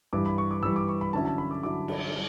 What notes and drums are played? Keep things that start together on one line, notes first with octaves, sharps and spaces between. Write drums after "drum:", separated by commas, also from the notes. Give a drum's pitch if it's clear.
G2 E3 G3 D6
B5
C#6
D6
G2 E3 G3 E6
D6
C#6
B5
D3 F#3 C#4 E4 A5
A5
B5
D6
D3 F#3 C#4 E4 D6
B5, drum: cymbal
G3